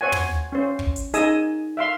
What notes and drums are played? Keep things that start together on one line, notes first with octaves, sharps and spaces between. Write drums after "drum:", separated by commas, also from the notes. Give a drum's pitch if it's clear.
C5 C#5 F#5 G#5
drum: tom
C#4 C5
drum: kick
drum: hi-hat
D#4 G#4 D#5 G#5 D#6 E6, drum: hi-hat
E5 F5 C6